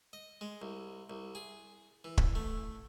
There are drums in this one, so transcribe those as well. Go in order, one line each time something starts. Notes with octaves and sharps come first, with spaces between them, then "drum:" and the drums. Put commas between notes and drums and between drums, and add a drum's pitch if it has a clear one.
D#5
G#3
C2
C2
G#4
E3
drum: kick
A3